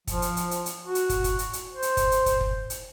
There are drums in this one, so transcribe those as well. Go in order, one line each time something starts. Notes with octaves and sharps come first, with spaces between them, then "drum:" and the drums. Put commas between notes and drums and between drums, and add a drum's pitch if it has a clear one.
F3, drum: kick, hi-hat
drum: hi-hat
drum: hi-hat
drum: hi-hat
drum: hi-hat
F#4
drum: hi-hat
drum: kick, hi-hat
drum: kick, hi-hat
drum: hi-hat
drum: hi-hat
C5
drum: hi-hat
drum: kick, hi-hat
drum: hi-hat
drum: kick, hi-hat
drum: kick
drum: hi-hat